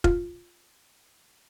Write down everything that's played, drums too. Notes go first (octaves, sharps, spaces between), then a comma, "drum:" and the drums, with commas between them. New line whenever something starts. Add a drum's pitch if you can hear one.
F4, drum: kick F1